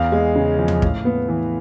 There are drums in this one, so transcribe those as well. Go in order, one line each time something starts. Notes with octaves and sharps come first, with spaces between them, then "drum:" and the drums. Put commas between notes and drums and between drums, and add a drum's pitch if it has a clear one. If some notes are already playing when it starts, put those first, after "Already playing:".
Already playing: E2 F5
G#3
C#3
F3
drum: tom D#2
A2, drum: kick
B3
E3